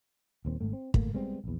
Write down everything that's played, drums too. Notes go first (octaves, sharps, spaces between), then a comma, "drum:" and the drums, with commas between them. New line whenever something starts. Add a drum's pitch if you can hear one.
D#1 D#2 C4
G#1 G#2 A3
C4
F#1 G#2 A3 A#3, drum: kick
G3 G#3 B3 C4
A#1 E2